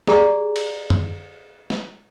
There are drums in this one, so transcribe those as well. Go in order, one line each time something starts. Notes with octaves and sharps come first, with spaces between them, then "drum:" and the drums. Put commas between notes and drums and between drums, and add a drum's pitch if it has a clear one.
G4 G#4 D5 G#5 A#5, drum: snare
drum: cymbal
drum: tom
drum: snare